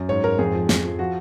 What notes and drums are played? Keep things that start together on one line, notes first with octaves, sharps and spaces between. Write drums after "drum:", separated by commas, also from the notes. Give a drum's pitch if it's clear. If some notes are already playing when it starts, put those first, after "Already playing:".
Already playing: F#2
G#2 C#5
G#2 A#4
F2 G#4
F3
F2, drum: snare
F3
F3 F#4